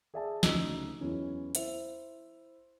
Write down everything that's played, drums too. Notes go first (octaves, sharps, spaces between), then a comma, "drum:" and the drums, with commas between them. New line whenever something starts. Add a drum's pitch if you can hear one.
G#4 D5 E5 G#5 A5
D2 C#3 D#4 F#4 D#5 E6, drum: snare
E2 E3 F#3 C#4
E4 C5 E5 F7, drum: hi-hat